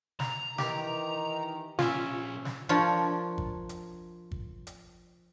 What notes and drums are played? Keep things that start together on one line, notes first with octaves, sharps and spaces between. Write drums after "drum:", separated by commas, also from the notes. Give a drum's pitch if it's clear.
A#5, drum: snare
D#3 E3 G4, drum: snare
A#2 F3 C#4 F4 E5, drum: snare
drum: snare
F3 D4 F4 A#4 C#5
drum: kick
drum: hi-hat
drum: kick
drum: hi-hat